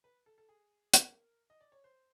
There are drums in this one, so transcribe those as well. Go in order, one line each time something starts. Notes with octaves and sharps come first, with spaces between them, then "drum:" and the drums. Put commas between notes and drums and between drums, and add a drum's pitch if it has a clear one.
B4
A4
A4
G#4
A#4, drum: hi-hat
D#5
D5
C#5
C5